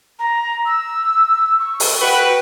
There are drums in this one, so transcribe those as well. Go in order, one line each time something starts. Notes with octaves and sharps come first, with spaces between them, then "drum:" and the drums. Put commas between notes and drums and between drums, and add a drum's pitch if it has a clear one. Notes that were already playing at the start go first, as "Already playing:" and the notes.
A#5
E6
C#6
drum: open hi-hat
F#4 B4 G5